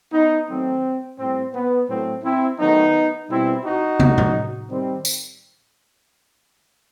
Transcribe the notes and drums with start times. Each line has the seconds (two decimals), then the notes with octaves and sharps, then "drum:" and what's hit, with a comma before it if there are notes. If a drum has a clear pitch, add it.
0.13 B3 D#4
0.48 D#3 F#3 A3 C4
1.19 A2 G3 C4
1.53 B3
1.88 A2 F#3 A3 C4
2.24 C4 E4
2.59 D#3 F#3 A3 B3 D#4
3.30 B2 G3 C4 E4
3.64 D#4 F#4
4.00 C3 F#3 A3, drum: tom
4.18 drum: tom A2
4.70 D#3 G3 C4
5.05 drum: tambourine